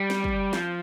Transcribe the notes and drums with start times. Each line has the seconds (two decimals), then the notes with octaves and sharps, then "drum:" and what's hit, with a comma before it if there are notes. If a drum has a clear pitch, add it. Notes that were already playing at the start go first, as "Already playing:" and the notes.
Already playing: G3
0.10 drum: snare
0.24 drum: kick
0.53 F3, drum: snare